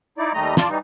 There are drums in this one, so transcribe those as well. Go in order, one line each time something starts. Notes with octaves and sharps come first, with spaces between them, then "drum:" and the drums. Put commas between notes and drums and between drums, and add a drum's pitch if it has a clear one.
D#4 E4 D5
D#2 G3 A3 D#5 A#5
F4 D5 A5, drum: snare
E3 G3 D#4